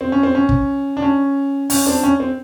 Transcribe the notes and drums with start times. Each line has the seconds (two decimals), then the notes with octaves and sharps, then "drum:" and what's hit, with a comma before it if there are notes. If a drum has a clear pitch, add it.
0.01 C4
0.12 C#4
0.23 C4
0.35 C#4
0.49 drum: kick
0.97 D4
1.02 C#4
1.70 C#4, drum: open hi-hat
1.86 C4 D4
2.03 C#4
2.20 C4